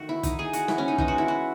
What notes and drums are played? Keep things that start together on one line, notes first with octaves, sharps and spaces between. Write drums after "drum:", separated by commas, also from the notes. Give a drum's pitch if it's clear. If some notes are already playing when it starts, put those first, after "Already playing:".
Already playing: D#3 A3 F#4
E4
D#4, drum: kick, hi-hat
G#4
F#4, drum: hi-hat
E4, drum: snare
C#4
D#4
E3 G#3 B3 D#4, drum: kick
F#4
E4
F#4